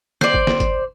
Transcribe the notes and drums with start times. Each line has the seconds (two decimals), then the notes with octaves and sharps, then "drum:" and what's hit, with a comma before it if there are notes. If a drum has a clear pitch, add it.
0.21 C5 D5, drum: snare
0.34 drum: kick G1
0.47 drum: snare
0.60 drum: kick G1, hi-hat